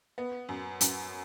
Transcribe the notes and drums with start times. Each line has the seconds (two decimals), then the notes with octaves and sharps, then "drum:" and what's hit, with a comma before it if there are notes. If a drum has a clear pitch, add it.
0.18 B3
0.49 F#2
0.81 F#2, drum: hi-hat